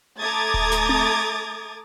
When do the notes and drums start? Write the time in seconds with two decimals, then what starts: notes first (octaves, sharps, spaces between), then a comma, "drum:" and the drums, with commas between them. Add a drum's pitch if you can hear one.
0.19 A3 A#5 D6 D#6 G#6 A6
0.54 drum: kick D1
0.72 drum: snare
0.89 drum: tom C4